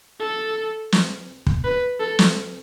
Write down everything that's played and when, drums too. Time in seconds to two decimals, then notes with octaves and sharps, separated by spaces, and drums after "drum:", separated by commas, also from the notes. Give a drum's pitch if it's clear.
0.20 A4
0.92 drum: snare
1.47 drum: kick
1.64 B4
2.00 A4
2.19 drum: snare